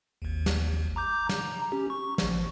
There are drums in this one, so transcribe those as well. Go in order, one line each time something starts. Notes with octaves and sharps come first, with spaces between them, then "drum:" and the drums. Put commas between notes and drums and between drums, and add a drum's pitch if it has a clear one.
G#1 D#2
drum: snare
A#5 D6 G6
A#5, drum: snare
C#4 G4
C#6
A1 F3, drum: snare